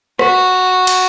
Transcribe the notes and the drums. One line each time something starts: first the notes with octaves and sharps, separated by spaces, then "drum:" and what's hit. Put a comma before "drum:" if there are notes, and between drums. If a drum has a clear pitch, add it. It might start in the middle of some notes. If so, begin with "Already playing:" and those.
F#4, drum: rim click
drum: cymbal